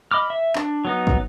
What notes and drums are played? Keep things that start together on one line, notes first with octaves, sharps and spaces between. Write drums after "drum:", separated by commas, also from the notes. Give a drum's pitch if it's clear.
D#5 B5 D6 F6
E5
D4, drum: clap
F#3 B3 D#4
drum: kick